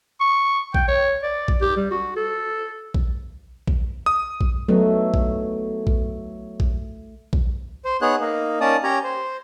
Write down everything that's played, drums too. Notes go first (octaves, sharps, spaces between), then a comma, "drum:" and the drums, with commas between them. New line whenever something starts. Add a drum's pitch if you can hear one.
C#6
G5, drum: kick A#1
C#5
D5
drum: kick A#1
G4
G3
F#4
A4
drum: kick A#1
drum: kick A#1
D#6
drum: kick A#1
F#3 A3 B3 D#4
drum: kick A#1
drum: kick A#1
drum: kick A#1
drum: kick A#1
C5
B3 D#4 G#4 C#5 F#6
A#3 D#4
A#3 C#4 D#4 D5 A5 D#6
C#4 G4 C#5 A#5
C5